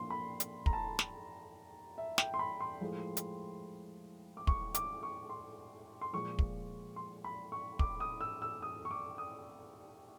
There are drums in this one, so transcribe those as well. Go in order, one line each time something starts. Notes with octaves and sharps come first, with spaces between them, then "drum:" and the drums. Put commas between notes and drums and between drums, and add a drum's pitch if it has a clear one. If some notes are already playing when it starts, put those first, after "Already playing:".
Already playing: A#2 F3 A#3 D4 C6
B5
drum: hi-hat
A#5, drum: kick
A5
drum: snare
E5
G5, drum: snare
C6
B5
C6
A2 F3 G#3
drum: hi-hat
D6
C#6, drum: kick
D6, drum: hi-hat
C#6
C6
C6
A#2 F3 G#3 C#6
drum: kick
C6
B5
C#6
D6, drum: kick
D#6
E6
E6
D#6
C#6
D6
D#6